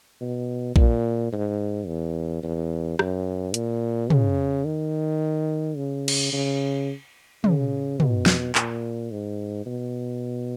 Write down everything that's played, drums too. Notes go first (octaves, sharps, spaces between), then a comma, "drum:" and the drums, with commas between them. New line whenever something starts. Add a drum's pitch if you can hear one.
B2
A#2, drum: kick A#1
G#2
E2
E2
F#2, drum: rim click
A#2, drum: hi-hat
C#3, drum: tom
D#3
C#3
drum: cymbal
C#3
C#3, drum: tom
B2, drum: tom
drum: snare
A#2, drum: clap
G#2
B2